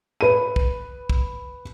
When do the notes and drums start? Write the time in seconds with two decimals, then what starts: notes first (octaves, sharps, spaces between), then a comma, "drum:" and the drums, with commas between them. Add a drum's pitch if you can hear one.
0.21 B4 D#7
0.56 drum: kick
1.10 drum: kick